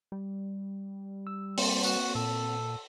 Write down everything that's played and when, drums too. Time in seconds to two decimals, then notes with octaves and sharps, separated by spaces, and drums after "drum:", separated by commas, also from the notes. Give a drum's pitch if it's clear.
0.12 G3
1.27 E6
1.58 A#3 C4 C5, drum: open hi-hat
1.83 F#4, drum: tambourine
2.15 A#2 A4